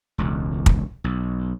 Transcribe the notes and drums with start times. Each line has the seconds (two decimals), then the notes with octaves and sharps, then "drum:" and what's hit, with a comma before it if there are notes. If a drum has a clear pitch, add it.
0.18 E1 C#2
0.66 drum: kick
1.04 B1